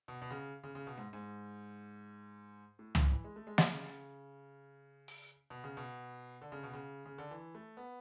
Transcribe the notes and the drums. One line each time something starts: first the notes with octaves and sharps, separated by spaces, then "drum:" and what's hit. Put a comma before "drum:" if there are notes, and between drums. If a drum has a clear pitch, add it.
B2
B2
C#3
C#3
C#3
B2
G#2
G#2
A2
E3, drum: tom
E3
G#3
A3
G#3
D3, drum: snare
C#3
drum: open hi-hat
B2
C#3
B2
D3
C#3
B2
C#3
C#3
D3
E3
A3
B3